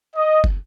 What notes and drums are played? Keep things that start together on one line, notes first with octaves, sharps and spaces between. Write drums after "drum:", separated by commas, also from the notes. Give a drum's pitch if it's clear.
D#5
drum: kick